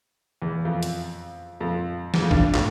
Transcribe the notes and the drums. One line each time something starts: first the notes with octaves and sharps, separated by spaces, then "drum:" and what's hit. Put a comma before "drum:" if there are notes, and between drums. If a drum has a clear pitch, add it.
E2
F2
drum: hi-hat
F2
E2, drum: snare
F2
G2, drum: kick A1
A2, drum: clap